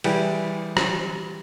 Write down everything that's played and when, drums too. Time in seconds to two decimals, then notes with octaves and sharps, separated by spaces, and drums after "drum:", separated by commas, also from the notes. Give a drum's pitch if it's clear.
0.04 E3 G3 G#4, drum: cymbal
0.77 drum: rim click